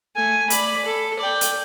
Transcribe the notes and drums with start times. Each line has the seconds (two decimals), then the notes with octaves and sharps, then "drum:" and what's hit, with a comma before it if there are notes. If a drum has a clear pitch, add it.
0.16 A3 G#5
0.50 D5 B5, drum: hi-hat
0.85 A4
1.19 D5 G5
1.41 drum: hi-hat